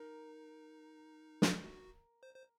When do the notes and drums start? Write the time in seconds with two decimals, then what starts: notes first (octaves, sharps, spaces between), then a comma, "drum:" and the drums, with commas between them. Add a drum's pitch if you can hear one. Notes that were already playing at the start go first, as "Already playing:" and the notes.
Already playing: D#4 A#4
1.42 drum: snare
1.64 F#4
2.23 C5
2.34 C5